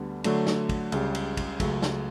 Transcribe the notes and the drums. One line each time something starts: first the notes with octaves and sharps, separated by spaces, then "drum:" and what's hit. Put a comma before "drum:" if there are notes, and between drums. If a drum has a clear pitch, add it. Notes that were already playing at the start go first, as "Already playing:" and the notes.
Already playing: D2 D3 G3 B3
D3 F#3 A3 D4, drum: cymbal
drum: snare
drum: kick, cymbal
C#2 C#3 G3, drum: cymbal
drum: cymbal
drum: kick, cymbal
C#2 C#3 F#3 A3, drum: kick, cymbal
drum: snare